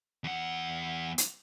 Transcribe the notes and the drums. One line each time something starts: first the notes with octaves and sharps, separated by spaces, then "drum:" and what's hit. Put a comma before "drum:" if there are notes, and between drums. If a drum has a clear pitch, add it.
E2 F#5
drum: hi-hat